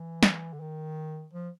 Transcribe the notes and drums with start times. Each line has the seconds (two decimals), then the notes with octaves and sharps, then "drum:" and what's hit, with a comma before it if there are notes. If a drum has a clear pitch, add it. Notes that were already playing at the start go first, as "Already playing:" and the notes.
Already playing: E3
0.23 drum: snare
0.53 D3
0.60 D#3
1.33 F3